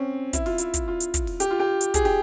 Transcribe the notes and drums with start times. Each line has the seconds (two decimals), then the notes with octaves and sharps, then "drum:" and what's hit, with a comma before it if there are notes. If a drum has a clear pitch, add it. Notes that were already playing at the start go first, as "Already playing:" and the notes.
Already playing: C4 C#4
0.33 E4, drum: kick, hi-hat
0.46 F4, drum: open hi-hat
0.58 E4, drum: hi-hat
0.74 drum: kick, hi-hat
0.88 F4
1.00 drum: hi-hat
1.14 drum: kick, hi-hat
1.27 drum: open hi-hat
1.40 G4, drum: hi-hat
1.51 F4
1.59 G4
1.81 drum: hi-hat
1.94 G#4, drum: kick, hi-hat
2.05 G4, drum: open hi-hat